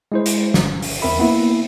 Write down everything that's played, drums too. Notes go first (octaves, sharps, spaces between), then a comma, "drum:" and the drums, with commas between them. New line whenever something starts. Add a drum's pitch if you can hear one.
G#3 E4 C5
drum: hi-hat
G1, drum: snare
drum: open hi-hat
E2 C4 A#4 E5 B5
A#3 B3 E4